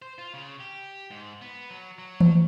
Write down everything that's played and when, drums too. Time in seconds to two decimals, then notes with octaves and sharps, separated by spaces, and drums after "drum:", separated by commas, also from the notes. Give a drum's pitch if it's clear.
0.02 C5
0.18 F4
0.34 C#3
0.60 G4
1.11 G#2
1.41 B3
1.71 F#3
1.99 F#3
2.21 drum: tom E3